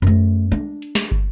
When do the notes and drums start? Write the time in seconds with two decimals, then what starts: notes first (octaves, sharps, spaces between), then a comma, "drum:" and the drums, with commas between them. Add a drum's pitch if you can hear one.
0.02 F#2 A3
0.52 D4, drum: tom
0.82 drum: hi-hat
0.95 drum: snare
1.11 drum: kick